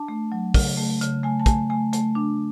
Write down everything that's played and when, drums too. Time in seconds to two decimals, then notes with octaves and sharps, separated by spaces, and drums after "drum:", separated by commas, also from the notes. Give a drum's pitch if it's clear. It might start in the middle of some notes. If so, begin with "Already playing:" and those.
Already playing: D4 A5
0.08 A3
0.32 F#3
0.54 C#3, drum: kick, open hi-hat
0.77 A3
1.01 C#3, drum: hi-hat
1.23 A3 G#5
1.40 A5
1.46 A3 G#5, drum: kick, hi-hat
1.70 A3 G#5
1.93 A3, drum: hi-hat
2.15 D4